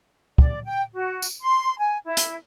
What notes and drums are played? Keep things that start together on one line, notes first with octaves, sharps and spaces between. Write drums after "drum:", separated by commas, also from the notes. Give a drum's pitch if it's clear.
D5, drum: kick
G5
F#4
drum: tambourine
C6
G#5
E4
drum: hi-hat